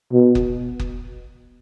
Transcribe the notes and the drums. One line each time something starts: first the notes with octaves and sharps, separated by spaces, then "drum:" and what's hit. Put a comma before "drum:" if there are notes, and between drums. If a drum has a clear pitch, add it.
B2
drum: kick F#1
drum: kick F#1